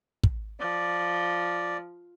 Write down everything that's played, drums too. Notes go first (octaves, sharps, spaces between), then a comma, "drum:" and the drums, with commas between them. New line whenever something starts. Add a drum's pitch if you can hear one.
drum: kick
F3 D5